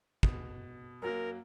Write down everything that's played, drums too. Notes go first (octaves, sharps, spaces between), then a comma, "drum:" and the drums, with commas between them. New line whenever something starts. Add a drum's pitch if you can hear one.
B2, drum: kick
F#2 F#3 A#3 A#4